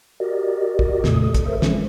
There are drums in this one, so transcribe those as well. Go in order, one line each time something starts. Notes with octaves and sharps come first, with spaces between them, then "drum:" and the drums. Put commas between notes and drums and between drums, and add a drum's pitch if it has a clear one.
F#4 G4 A#4 D5 D#5
drum: kick
F2 A#2 C#3 A3 A4 D#6, drum: snare
drum: kick, hi-hat
A4 A#4 C5 E5
E3 F3 G#3 C#4, drum: snare